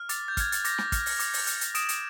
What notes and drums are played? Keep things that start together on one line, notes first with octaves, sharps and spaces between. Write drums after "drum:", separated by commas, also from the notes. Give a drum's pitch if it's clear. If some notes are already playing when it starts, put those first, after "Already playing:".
Already playing: F6
D6 A6, drum: hi-hat
G6
F6 G#6, drum: kick, hi-hat
A6, drum: hi-hat
D6 A#6, drum: hi-hat
drum: snare
F6, drum: kick, hi-hat
drum: open hi-hat
D6, drum: hi-hat
drum: open hi-hat
F6, drum: hi-hat
drum: hi-hat
D#6 D7 E7, drum: hi-hat
drum: hi-hat